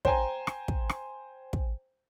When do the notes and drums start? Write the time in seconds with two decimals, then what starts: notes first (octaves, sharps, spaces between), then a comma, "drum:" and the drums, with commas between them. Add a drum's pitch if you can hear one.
0.05 C5 G5 G#5 A#5, drum: kick
0.47 drum: rim click
0.68 drum: kick
0.89 drum: rim click
1.53 drum: kick